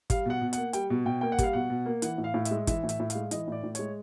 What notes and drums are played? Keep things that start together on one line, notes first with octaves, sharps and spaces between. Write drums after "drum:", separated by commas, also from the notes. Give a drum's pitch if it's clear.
G3 F5, drum: kick, hi-hat
B2 F#5
B2
A#3 F#5, drum: hi-hat
G3 G5, drum: hi-hat
B2
B2 G5
A#3 G5
F#5
G3 F5, drum: kick, hi-hat
B2 F#5
B2
A#3
E3 F#5, drum: hi-hat
A2
F5
A2
E5, drum: hi-hat
G#3
E3 E5, drum: kick, hi-hat
A2
E5, drum: hi-hat
A2
F5, drum: hi-hat
G#3
E3 D#5, drum: hi-hat
A2 D5
A2
G#3 C#5, drum: hi-hat